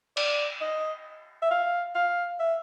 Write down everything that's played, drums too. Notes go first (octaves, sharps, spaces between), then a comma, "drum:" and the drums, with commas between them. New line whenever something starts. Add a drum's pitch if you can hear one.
D5, drum: cymbal
D#5
E5
F5
F5
E5